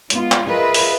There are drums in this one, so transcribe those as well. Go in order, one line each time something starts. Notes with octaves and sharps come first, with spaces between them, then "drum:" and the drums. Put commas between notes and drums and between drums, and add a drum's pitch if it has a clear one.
G#3 B3 F4, drum: hi-hat
drum: clap
F4 G#4 A#4 B4 D#5 E5
drum: open hi-hat